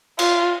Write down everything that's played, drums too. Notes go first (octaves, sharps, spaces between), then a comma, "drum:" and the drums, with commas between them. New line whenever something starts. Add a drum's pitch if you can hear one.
F4, drum: cymbal